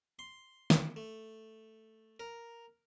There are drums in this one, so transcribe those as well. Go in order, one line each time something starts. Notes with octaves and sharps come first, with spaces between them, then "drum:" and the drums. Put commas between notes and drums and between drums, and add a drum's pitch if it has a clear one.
C6
drum: snare
A3
A#4